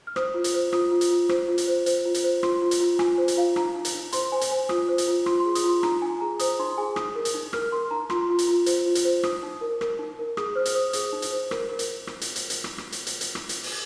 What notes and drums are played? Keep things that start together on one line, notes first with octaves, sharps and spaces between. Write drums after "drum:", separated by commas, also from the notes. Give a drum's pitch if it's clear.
F6
C5 D#6, drum: rim click
F4
drum: hi-hat
C5
F4 D#6, drum: rim click
F4
drum: hi-hat
F4
C5, drum: rim click
F4
drum: hi-hat
C5
C5, drum: hi-hat
F4
drum: hi-hat
C5
F4 C6, drum: rim click
F4
drum: hi-hat
F4
F4 G#5, drum: rim click
C5
drum: hi-hat
F4 F5
D#4 A#5, drum: rim click
D#4
drum: hi-hat
D#4
C5 C6, drum: hi-hat
C5 G#5
drum: hi-hat
C5 G#5
F4 D#6, drum: rim click
C5
drum: hi-hat
F4
F4 C6, drum: rim click
C6
G#4
D#6, drum: hi-hat
F4 C6
D#4 A#5, drum: rim click
D#4 G#5
G#4 A#5
C5 D#6, drum: hi-hat
D#4 C6
G#4 G#5
D#4 D#6, drum: rim click
A#4
drum: hi-hat
D#4
A#4 F6, drum: rim click
A#4 C6
D#4 A#5
F4 C6, drum: rim click
F4
drum: hi-hat
F4
C5, drum: hi-hat
F4
drum: hi-hat
C5
D#4 D#6, drum: rim click
D#4
A#4
A#4, drum: rim click
D#4
A#4
G#4 D#6, drum: rim click
C5 F6
drum: hi-hat
C5 D#6
G#4 D#6, drum: hi-hat
D#4
drum: hi-hat
C5
A#4, drum: rim click
A#4
drum: hi-hat
drum: rim click
drum: hi-hat
drum: hi-hat
drum: hi-hat
drum: rim click
drum: rim click
drum: hi-hat
drum: hi-hat
drum: hi-hat
drum: rim click
drum: hi-hat
drum: open hi-hat